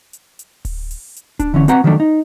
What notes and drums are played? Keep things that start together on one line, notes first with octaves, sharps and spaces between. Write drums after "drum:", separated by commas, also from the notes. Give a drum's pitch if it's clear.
drum: hi-hat
drum: hi-hat
drum: kick D1, open hi-hat
drum: open hi-hat
drum: hi-hat
D4, drum: kick D1, hi-hat
D3 E3 C#4
C4 F#4 B4 F#5 A#5, drum: hi-hat
D#3 F3 F#3 A3 D4
D#4